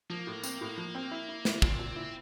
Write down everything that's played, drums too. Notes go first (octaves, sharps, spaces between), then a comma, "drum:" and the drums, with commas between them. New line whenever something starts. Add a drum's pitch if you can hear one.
F3 A#3
A2
C4, drum: tambourine
A2
F3
C4
E4
E4
E4, drum: snare
A#2 C4, drum: kick
A#2
E4